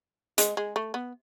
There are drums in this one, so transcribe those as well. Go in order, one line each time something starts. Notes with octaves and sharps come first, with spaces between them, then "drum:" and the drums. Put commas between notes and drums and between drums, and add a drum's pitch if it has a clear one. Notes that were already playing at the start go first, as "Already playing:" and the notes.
G#3, drum: hi-hat
G#3
A3
B3